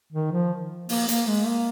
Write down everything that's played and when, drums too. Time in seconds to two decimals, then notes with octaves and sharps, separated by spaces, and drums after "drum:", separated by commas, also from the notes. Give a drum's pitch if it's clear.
0.12 D#3
0.32 F3
0.89 A#3, drum: open hi-hat
1.08 A#3, drum: hi-hat
1.28 G#3
1.46 A#3